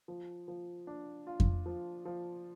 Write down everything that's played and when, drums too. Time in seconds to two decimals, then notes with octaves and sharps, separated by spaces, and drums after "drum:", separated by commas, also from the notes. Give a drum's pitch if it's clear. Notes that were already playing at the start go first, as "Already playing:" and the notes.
0.08 F3
0.48 F3
0.87 D4
1.27 F4
1.40 drum: kick F2
1.66 F3
2.05 F3